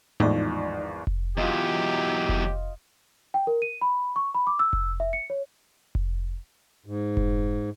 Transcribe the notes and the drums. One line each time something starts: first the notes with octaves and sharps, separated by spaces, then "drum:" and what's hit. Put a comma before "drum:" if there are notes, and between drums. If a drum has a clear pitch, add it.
G#1 E2 A2 F3 D#4 D5
drum: kick F1
E2 F#3 F4 G4 D#5
drum: kick F1
G5
A#4
D#7
B5
C#6
B5
D6
E6
drum: kick F1
E5
C#7
C#5
drum: kick F1
G#2
drum: kick F1